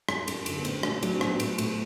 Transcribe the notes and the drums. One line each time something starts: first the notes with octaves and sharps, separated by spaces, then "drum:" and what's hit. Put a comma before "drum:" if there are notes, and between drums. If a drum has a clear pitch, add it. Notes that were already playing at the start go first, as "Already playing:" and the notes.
F#2, drum: rim click
F#2, drum: cymbal
D3, drum: cymbal
B3
A2 C4, drum: cymbal
A2 D4, drum: rim click
F#3 D4, drum: cymbal
C4
A2, drum: rim click
B3
A2 C4, drum: cymbal
A2, drum: cymbal